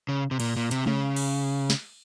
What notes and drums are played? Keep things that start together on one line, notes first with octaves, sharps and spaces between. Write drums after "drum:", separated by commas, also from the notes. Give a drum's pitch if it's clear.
C#3
C3
A#2, drum: cymbal
A#2
C3, drum: hi-hat
C#3, drum: tom G#3
drum: cymbal
drum: snare